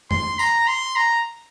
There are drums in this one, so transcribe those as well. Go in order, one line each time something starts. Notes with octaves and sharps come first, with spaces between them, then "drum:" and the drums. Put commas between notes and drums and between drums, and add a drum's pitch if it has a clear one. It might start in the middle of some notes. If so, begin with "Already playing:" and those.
C6, drum: tom F2
A#5, drum: tambourine
C6
A#5